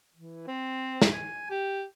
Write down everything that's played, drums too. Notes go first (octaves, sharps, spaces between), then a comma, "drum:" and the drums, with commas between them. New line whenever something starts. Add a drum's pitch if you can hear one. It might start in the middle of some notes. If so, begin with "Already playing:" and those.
E3
C4
drum: snare
G#5
G4